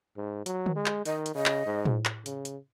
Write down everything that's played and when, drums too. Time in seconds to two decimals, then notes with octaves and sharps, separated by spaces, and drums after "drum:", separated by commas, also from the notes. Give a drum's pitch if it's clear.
0.17 G#2
0.46 F#3, drum: hi-hat
0.66 drum: tom D3
0.76 G#3
0.86 drum: clap
1.05 D#3 D#5, drum: hi-hat
1.26 drum: hi-hat
1.35 C#3 D#5
1.46 drum: clap
1.66 G#2
1.85 drum: tom A2
2.05 drum: clap
2.26 C#3, drum: hi-hat
2.45 drum: hi-hat